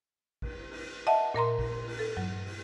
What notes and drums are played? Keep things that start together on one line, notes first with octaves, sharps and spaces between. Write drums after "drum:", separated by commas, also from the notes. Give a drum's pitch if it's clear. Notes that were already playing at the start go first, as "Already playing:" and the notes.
drum: kick A1, cymbal
drum: cymbal
D#5 E5 F#5 A5
A#2 A#4 A#5 C6
drum: kick A1, cymbal
drum: cymbal
A4
F#3, drum: tom G2
drum: cymbal